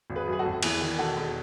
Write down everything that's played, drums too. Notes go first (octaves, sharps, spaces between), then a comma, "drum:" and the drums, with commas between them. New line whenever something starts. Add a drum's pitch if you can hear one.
G#1
G#4 B4
F#2
G#4
F#4 A4
G#1
E2 E4 G#4, drum: cymbal
D#3
E1 F#4 A4
E1